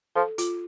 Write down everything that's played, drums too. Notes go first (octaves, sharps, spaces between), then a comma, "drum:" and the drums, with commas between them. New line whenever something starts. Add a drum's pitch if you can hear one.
F3 A4
F4, drum: hi-hat